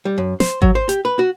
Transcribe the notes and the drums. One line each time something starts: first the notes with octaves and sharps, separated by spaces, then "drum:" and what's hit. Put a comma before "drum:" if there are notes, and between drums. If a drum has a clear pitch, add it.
G3
F#2
C5, drum: snare
F#3, drum: kick G#1
C5
G4, drum: hi-hat
B4
F#4